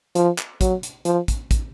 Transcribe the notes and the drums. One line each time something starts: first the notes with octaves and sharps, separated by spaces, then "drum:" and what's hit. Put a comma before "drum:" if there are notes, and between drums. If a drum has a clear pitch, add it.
F3, drum: hi-hat
drum: clap
F#3, drum: kick, hi-hat
drum: hi-hat
F3, drum: hi-hat
drum: kick, hi-hat
drum: kick, hi-hat